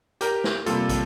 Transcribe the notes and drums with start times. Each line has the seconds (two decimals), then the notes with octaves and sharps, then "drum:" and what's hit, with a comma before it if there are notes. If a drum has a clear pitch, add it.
0.21 G4 A#4, drum: hi-hat
0.44 drum: snare
0.66 C3 G3 A#3 F4 A4, drum: hi-hat
0.89 drum: kick, hi-hat